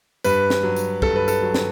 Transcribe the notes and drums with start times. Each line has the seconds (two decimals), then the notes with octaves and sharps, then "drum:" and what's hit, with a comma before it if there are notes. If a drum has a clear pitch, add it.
0.24 G2 B4, drum: tambourine
0.50 drum: snare
0.63 F#3
0.76 drum: tambourine
1.02 G2 A4, drum: kick
1.16 B4
1.28 A4, drum: tambourine
1.42 F#3
1.54 drum: snare